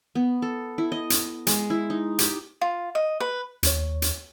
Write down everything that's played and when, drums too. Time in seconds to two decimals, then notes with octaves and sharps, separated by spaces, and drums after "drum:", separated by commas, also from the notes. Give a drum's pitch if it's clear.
0.15 B3
0.42 A4
0.78 E4
0.92 D#5
1.10 drum: hi-hat
1.47 G#3, drum: hi-hat
1.70 E4
1.90 D#4
2.19 G4, drum: hi-hat
2.61 F4
2.95 D#5
3.20 B4
3.63 D#2 C#5, drum: hi-hat
4.02 drum: hi-hat